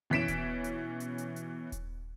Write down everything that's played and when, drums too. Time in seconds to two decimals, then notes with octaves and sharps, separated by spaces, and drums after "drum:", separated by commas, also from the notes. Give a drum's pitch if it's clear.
0.10 B2 E3 C#4 B6 D7 E7
0.28 drum: kick D#1, hi-hat
0.64 drum: hi-hat
1.00 drum: hi-hat
1.18 drum: hi-hat
1.36 drum: hi-hat
1.72 drum: kick D#1, hi-hat